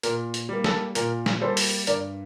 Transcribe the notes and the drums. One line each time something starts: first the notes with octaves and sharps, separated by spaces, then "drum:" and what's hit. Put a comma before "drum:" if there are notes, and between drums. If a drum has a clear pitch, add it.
A#2 A#4, drum: hi-hat
drum: hi-hat
G3 A#3
A4, drum: snare
A#2 A#4, drum: hi-hat
drum: snare
G3 A#3 A4 C5
drum: open hi-hat
G2 A#4 D5, drum: hi-hat